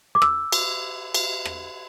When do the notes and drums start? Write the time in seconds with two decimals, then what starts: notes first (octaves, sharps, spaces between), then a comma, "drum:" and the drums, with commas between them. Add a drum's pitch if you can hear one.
0.15 D6
0.22 E6, drum: rim click
0.52 drum: cymbal
1.14 drum: cymbal
1.45 drum: rim click